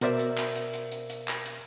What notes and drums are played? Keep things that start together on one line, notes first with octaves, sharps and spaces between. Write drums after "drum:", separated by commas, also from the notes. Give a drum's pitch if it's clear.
B2 A#4 C5 D5 E5 E6, drum: hi-hat
drum: hi-hat
drum: clap
drum: hi-hat
drum: hi-hat
drum: hi-hat
drum: hi-hat
drum: clap
drum: hi-hat